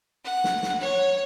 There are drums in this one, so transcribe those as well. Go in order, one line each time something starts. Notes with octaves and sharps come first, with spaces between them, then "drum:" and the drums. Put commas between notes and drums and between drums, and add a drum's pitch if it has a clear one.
F#5
drum: snare
drum: snare
C#5